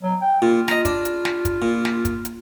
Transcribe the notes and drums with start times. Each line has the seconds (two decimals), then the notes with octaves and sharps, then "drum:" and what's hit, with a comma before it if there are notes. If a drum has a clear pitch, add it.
0.03 F#3
0.22 G5
0.42 A#2 F4
0.68 D#5 A#5, drum: snare
0.85 D4, drum: kick, hi-hat
1.05 drum: hi-hat
1.25 drum: snare
1.45 drum: kick, hi-hat
1.62 A#2
1.85 drum: snare
2.05 drum: kick, hi-hat
2.25 drum: hi-hat